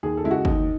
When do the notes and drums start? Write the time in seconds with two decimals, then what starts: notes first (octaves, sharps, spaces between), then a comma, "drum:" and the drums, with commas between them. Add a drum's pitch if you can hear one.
0.03 D#2 G#4
0.17 A4
0.24 C#3 G#3 E4
0.31 F#4
0.45 D#2 D#4, drum: kick